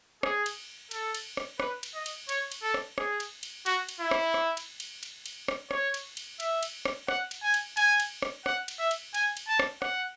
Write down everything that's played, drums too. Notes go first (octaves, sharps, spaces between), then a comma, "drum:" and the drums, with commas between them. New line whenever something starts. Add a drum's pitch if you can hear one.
G#4, drum: rim click
drum: cymbal
A4, drum: cymbal
drum: cymbal
drum: rim click
B4, drum: rim click
drum: cymbal
D#5
drum: cymbal
C#5, drum: cymbal
drum: cymbal
A4
drum: rim click
G#4, drum: rim click
drum: cymbal
drum: cymbal
F#4, drum: cymbal
drum: cymbal
E4
drum: rim click
drum: rim click
drum: cymbal
drum: cymbal
drum: cymbal
drum: cymbal
drum: rim click
C#5, drum: rim click
drum: cymbal
drum: cymbal
E5, drum: cymbal
drum: cymbal
drum: rim click
F#5, drum: rim click
drum: cymbal
G#5
drum: cymbal
G#5, drum: cymbal
drum: cymbal
drum: rim click
F#5, drum: rim click
drum: cymbal
E5
drum: cymbal
G#5, drum: cymbal
drum: cymbal
A5
drum: rim click
F#5, drum: rim click